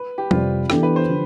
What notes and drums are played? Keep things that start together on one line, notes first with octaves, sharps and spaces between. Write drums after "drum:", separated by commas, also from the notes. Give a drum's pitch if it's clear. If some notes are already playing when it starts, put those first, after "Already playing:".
Already playing: B4
G4
F2 C3 G3 F4, drum: tom F3
E3 B3 D4 G4 A4, drum: rim click
B4
C5
D3 F3